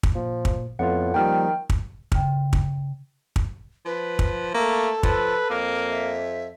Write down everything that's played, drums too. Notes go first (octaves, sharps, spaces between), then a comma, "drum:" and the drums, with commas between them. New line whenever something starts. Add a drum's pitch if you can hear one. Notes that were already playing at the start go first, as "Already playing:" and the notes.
drum: kick
A#2 F3
drum: kick
F2 A2 B3 F4 F#5
D#3 F3 G3 A#3 G5 F6
drum: kick
C#3 G5, drum: kick
drum: kick
drum: kick
F3 B4
drum: kick
A3 A#3 A4
F3 B4, drum: kick
F2 A#3
E5